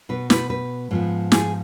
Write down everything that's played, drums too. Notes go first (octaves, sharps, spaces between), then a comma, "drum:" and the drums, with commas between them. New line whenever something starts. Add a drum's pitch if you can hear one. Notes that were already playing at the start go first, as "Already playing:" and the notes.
B2 B3 B4
B4, drum: snare
B4
G#2 F3 B3
G#4, drum: snare